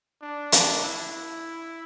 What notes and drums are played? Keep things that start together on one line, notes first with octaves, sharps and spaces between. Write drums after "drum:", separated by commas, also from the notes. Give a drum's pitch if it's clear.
D4
drum: hi-hat
E4